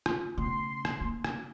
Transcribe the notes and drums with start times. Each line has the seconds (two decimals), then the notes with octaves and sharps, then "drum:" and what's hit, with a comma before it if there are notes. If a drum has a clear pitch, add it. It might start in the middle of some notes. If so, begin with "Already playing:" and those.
0.06 F4, drum: rim click
0.38 C#3 A3 B3 C6
0.85 drum: rim click
1.01 A#3
1.24 drum: rim click